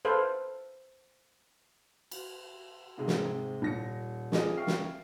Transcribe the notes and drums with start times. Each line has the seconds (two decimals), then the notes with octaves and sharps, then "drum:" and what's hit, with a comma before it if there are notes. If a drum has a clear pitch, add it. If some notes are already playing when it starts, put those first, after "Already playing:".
0.05 A4 B4 C5 F5
2.12 drum: cymbal
2.98 G#2 C3 G#3
3.07 drum: snare
3.62 D#1 A#6 C#7
4.32 C4 F4 G#4 D5 D#5, drum: snare
4.56 E5 F5 G5 C#6 F6 C7
4.67 drum: snare